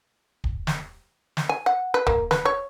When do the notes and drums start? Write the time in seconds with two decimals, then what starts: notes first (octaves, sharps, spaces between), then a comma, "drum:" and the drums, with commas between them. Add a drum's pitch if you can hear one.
0.44 drum: kick
0.67 drum: snare
1.37 drum: snare
1.49 G#5
1.66 F#5
1.94 B4
2.07 A#3, drum: kick
2.31 B4, drum: snare
2.45 C#5